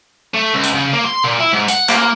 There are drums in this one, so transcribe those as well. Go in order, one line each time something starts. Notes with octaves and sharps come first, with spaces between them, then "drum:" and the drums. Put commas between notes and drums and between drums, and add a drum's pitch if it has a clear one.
A3
C#2
drum: hi-hat
C#3
A#3
C6
A#2
E4
G#2
F#5, drum: hi-hat
A#3, drum: clap